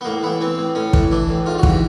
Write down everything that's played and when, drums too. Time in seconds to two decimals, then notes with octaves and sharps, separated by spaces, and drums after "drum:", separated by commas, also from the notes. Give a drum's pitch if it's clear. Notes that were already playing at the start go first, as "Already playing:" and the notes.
0.01 B3
0.05 A2 A#3
0.23 E3 B3
0.41 E3 C4
0.58 A2
0.75 A2 C#4
0.93 E3, drum: kick
1.11 E3 D4
1.29 A2
1.46 G#2 F4
1.58 F#4
1.63 E3, drum: kick
1.69 G4